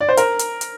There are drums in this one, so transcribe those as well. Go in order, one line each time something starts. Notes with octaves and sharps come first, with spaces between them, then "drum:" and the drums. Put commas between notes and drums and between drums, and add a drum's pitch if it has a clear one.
D5
C5
A#4, drum: hi-hat
drum: hi-hat
drum: hi-hat